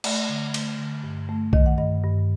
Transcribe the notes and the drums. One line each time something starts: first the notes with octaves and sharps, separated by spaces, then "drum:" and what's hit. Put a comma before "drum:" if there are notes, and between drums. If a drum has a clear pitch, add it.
A3 D5, drum: cymbal
D3
A3, drum: cymbal
D3
G2
A3
D#3 D#5, drum: kick B1
F#5
G2 D#5
G2